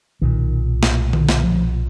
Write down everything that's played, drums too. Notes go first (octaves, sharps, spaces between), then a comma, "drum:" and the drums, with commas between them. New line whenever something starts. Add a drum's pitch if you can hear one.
B1 A#2 D#3
drum: snare
drum: tom D3
drum: snare
F3